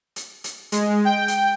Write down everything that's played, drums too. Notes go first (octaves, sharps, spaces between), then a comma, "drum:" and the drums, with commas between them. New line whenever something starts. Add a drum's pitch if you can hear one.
drum: hi-hat
drum: hi-hat
G#3, drum: hi-hat
G5
drum: hi-hat